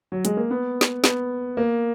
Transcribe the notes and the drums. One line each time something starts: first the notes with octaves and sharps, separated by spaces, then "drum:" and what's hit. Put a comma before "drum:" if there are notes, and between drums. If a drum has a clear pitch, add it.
F#3
G#3, drum: hi-hat
A#3
B3
drum: snare
B3, drum: snare
A#3